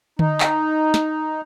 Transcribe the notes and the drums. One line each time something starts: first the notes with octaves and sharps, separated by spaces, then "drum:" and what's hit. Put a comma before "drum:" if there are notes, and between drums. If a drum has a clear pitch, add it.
D#4, drum: tom D3
drum: clap
drum: snare